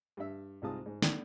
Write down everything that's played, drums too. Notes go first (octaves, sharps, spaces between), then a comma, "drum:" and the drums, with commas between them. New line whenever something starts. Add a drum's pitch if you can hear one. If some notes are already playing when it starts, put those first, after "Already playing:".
G2 E5
C2 G#2 G#3 F4 A5 D#6
G#2
A3 B3 D4 D5 G5, drum: snare